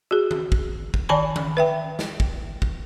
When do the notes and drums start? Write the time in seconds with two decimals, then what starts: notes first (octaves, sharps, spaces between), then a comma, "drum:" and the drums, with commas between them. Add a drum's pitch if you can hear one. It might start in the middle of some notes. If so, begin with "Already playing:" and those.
0.11 F#4 G#4
0.31 drum: tom D#3
0.52 drum: kick
0.94 drum: kick
1.09 D#3 D5 G#5 A5 B5
1.36 drum: tom D#3
1.57 B4 E5 G5
1.99 drum: snare
2.20 drum: kick
2.62 drum: kick